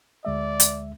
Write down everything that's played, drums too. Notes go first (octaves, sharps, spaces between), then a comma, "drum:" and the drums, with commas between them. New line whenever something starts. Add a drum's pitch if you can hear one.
D2 G#3 D5 E5
drum: hi-hat